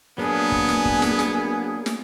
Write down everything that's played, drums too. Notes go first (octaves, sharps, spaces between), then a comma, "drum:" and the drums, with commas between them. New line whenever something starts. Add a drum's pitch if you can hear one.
F#3 A#3 B3 D4 G#4
drum: kick
drum: snare
drum: kick
drum: snare
drum: snare
drum: snare